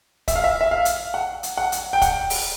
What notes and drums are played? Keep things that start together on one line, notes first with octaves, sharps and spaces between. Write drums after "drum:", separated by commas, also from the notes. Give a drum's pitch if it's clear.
E5, drum: kick, hi-hat
F5
E5
E5
F5
drum: hi-hat
F#5
drum: hi-hat
F#5
drum: hi-hat
G5
F#5, drum: kick, hi-hat
drum: open hi-hat